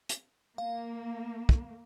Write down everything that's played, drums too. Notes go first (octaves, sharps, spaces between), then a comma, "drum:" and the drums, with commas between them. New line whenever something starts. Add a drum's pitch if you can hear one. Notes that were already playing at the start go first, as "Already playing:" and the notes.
drum: hi-hat
A#3 F5
drum: kick